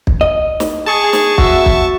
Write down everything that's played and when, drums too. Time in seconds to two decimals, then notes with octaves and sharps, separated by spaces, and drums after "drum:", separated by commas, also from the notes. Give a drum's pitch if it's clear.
0.07 drum: kick
0.21 D#5
0.60 drum: snare
0.86 G#4 A5 C#6
1.13 drum: snare
1.38 F#3 B3 F#4 E5, drum: kick
1.66 drum: kick